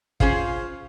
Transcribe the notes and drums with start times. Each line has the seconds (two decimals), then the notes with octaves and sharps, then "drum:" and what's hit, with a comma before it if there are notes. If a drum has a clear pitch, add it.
0.20 C#4 F4 G#4 C5 F5, drum: kick